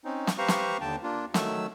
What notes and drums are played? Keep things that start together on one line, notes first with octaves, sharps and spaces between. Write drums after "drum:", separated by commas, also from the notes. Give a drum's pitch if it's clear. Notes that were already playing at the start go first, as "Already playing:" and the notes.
C4 C#4 D#4
drum: snare
G4 B4 C5 F5 A#5 C#6
drum: snare
D#2 D3 G5 A5
A#3 D4 F4
D#3 F#3 A3 E6, drum: snare